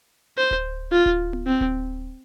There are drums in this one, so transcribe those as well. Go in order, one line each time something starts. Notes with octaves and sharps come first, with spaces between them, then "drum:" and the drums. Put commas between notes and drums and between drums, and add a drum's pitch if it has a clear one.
C5
drum: kick D1
F4
drum: kick D1
drum: tom B3
C4
drum: kick D1